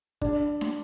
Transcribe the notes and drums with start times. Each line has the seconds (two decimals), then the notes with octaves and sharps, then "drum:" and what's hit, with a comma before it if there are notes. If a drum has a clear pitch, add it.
0.21 D4, drum: kick
0.61 drum: snare